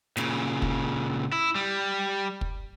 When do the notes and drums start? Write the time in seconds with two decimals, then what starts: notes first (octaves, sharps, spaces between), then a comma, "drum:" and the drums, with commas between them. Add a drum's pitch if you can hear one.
0.17 A#2 C#3, drum: snare
0.62 drum: kick
1.32 E4
1.55 G3
2.41 drum: kick